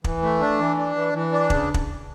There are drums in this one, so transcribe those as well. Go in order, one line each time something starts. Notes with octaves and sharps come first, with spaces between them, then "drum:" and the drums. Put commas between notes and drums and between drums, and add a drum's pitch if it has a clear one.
E3, drum: kick
A3
D4
E3
D4
E3
E3
D4
C#3, drum: kick
drum: kick